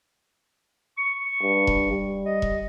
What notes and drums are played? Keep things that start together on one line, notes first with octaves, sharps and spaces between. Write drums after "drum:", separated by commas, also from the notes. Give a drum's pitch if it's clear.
C#6
G2
drum: kick E1
G3
D#5
drum: kick E1